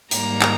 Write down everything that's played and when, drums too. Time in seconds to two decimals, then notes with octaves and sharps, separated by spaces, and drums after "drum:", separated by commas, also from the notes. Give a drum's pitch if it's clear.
0.11 G#2 D#3 G3 A#3 A#5, drum: hi-hat
0.41 drum: clap